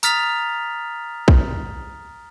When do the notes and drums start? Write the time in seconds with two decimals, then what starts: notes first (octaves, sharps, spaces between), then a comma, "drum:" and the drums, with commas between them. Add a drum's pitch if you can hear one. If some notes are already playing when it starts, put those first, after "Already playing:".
0.03 A#5 D#6 F6 A6 B6 F7, drum: tambourine
1.28 drum: kick A#1